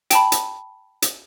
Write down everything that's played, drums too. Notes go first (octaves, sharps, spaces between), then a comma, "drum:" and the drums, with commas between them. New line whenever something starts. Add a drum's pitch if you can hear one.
G5 A5 B5, drum: hi-hat
drum: hi-hat
drum: hi-hat